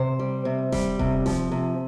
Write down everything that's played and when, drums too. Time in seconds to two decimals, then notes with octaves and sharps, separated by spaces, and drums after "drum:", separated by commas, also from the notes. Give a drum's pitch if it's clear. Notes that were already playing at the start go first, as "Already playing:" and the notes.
Already playing: C3 C5
0.19 G3
0.45 C3
0.72 G3, drum: snare D#1
0.99 C3, drum: kick D#1
1.26 F3, drum: snare D#1
1.51 C3